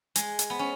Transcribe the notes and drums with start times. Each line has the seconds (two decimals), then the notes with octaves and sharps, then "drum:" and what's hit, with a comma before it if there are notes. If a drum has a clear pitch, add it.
0.16 G#3, drum: hi-hat
0.39 drum: hi-hat
0.50 B3
0.59 C#4